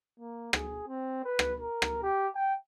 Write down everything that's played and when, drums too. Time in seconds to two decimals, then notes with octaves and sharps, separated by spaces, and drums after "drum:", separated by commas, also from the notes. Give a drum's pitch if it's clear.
0.19 A#3
0.53 G#4, drum: rim click
0.87 C4
1.24 B4
1.39 drum: rim click
1.60 A#4
1.82 drum: rim click
2.02 G4
2.35 G5